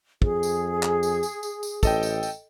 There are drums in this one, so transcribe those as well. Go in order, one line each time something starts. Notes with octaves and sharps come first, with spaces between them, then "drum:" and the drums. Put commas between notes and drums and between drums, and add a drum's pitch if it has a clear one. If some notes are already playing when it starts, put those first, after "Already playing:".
F2 G#4, drum: kick
drum: tambourine
drum: clap
drum: tambourine
drum: tambourine
drum: tambourine
drum: tambourine
A1 A4 D#5 G5, drum: kick, tambourine
drum: tambourine
drum: tambourine